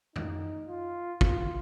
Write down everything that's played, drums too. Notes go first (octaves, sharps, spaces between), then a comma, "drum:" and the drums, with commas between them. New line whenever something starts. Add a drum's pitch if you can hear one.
D#4, drum: tom F#2
F4
F4, drum: kick